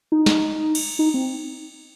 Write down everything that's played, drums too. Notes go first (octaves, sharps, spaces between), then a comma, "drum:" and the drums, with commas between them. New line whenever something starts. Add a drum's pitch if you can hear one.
D#4
drum: snare
drum: cymbal
D#4
C4